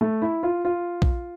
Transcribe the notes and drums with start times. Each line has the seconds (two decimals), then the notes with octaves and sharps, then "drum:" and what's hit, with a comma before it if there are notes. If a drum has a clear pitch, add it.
0.01 A3
0.22 E4
0.43 F4
0.65 F4
1.02 drum: kick